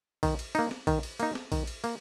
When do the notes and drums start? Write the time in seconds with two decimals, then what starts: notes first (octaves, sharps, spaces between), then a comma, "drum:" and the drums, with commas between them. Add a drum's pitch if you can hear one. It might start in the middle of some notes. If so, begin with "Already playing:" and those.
0.23 D#3, drum: kick A#1, cymbal
0.39 drum: cymbal
0.55 A#3 D#4, drum: cymbal
0.71 drum: snare
0.87 D#3, drum: kick A#1, cymbal
1.03 drum: cymbal
1.20 A#3 D#4, drum: cymbal
1.35 drum: snare
1.52 D#3, drum: kick A#1, cymbal
1.67 drum: cymbal
1.84 A#3, drum: cymbal